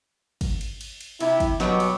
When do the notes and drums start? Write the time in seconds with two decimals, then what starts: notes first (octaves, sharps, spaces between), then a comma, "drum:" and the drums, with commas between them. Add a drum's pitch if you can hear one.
0.41 drum: kick, cymbal
0.61 drum: cymbal
0.81 drum: cymbal
1.01 drum: cymbal
1.20 C3 E4, drum: cymbal
1.40 drum: kick, cymbal
1.60 B2 F#3 G3, drum: snare
1.80 drum: cymbal